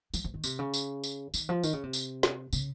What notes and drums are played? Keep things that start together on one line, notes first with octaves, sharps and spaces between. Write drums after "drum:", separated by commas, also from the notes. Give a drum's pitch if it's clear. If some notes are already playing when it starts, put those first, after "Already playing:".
F3, drum: tambourine
F3
D#3
C3, drum: tambourine
C#3
drum: tambourine
drum: tambourine
D#3, drum: tambourine
F3
D#3, drum: tambourine
C#3
C3
drum: tambourine
drum: snare
C#3, drum: tambourine